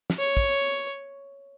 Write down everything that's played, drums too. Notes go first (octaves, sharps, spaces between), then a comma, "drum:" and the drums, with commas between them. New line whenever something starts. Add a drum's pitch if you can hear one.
drum: snare
C#5
drum: kick